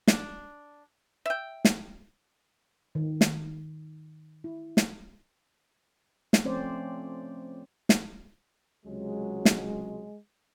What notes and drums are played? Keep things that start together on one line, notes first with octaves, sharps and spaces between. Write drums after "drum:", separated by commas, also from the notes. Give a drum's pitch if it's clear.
D4, drum: snare
E5 G5
drum: snare
D#3
drum: snare
E4
drum: snare
drum: snare
F3 A3 C4 C#4 C5 D5
drum: snare
C#2 C3 F#3 G#3
drum: snare